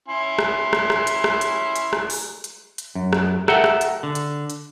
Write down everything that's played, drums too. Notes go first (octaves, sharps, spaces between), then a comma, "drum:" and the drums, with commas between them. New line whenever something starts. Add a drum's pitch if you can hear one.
C#4 E4 G#5 C6
drum: rim click
drum: rim click
drum: rim click
drum: hi-hat
drum: rim click
drum: hi-hat
drum: hi-hat
drum: rim click
drum: open hi-hat
drum: hi-hat
drum: hi-hat
F#2
drum: rim click
A4 A#4 E5 F#5 G5, drum: rim click
drum: rim click
drum: hi-hat
D3
drum: hi-hat
drum: hi-hat